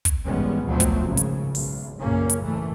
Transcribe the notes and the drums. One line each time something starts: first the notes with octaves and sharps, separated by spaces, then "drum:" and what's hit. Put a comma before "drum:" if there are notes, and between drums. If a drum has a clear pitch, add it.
drum: kick, hi-hat
G#1 E2 G3 G#3 B3 C#4
D2 B2 F3 F#3 A3 C4
drum: kick, hi-hat
G#1 C#3
drum: hi-hat
B1, drum: open hi-hat
F#1 B1 A#2 A#3 C#4
drum: hi-hat
A1 G#2 E3 A3